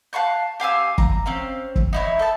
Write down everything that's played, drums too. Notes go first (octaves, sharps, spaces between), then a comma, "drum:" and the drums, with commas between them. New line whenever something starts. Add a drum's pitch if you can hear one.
F5 A5 C#6 F#6
G4 F5 G#5 E6
A#5, drum: kick
C4 C#4 F5
drum: kick
D#4 E4 C#5
A4 A5